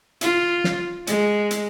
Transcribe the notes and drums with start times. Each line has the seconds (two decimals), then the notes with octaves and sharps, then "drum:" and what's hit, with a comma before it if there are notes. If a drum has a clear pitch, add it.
0.21 F4, drum: hi-hat
0.64 drum: snare
1.07 G#3, drum: hi-hat
1.51 drum: hi-hat